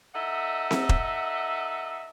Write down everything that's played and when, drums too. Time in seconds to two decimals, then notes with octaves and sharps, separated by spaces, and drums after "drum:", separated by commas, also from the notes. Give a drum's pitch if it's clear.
0.15 D#4 A4 D#5 E5 F#5
0.71 drum: snare C4
0.89 drum: kick E1